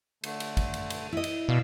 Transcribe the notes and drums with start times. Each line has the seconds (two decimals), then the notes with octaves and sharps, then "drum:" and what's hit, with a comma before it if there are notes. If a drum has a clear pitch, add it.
0.24 D3 A3, drum: cymbal
0.40 drum: cymbal
0.57 drum: kick, cymbal
0.74 drum: cymbal
0.90 drum: cymbal
1.12 E4 D#5
1.24 drum: cymbal
1.49 B2 D5 F5 E6